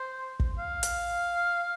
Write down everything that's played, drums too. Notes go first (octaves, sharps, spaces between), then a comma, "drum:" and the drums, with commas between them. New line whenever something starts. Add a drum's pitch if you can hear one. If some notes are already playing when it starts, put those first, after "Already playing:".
Already playing: C5
drum: kick
F5
drum: hi-hat